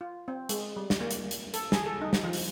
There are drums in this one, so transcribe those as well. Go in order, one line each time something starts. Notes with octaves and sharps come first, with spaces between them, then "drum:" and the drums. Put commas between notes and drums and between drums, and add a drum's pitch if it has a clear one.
F4
C4
G#3, drum: hi-hat
G3
drum: snare
A#3
drum: hi-hat
drum: hi-hat
A4, drum: hi-hat
G#4, drum: snare
A4
D#4
drum: snare
F3
drum: open hi-hat